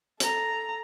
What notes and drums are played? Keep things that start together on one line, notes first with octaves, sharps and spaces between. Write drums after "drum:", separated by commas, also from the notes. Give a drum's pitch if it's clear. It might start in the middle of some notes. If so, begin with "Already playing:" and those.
A4 A#5, drum: hi-hat